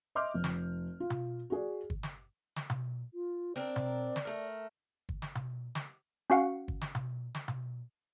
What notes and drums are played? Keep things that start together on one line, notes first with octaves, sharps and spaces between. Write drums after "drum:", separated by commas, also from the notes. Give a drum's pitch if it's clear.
D#5 E5 C6 D6 F6 G6
F1
drum: snare
F4
drum: tom B2
F#4 G#4 D5
drum: kick G1
drum: snare
drum: snare
drum: tom B2
F4
C4 D4 A#4 D5
drum: tom B2
drum: snare
A3 A#4
drum: kick G1
drum: snare
drum: tom B2
drum: snare
C#4 F#4 F5 F#5
drum: kick G1
drum: snare
drum: tom B2
drum: snare
drum: tom B2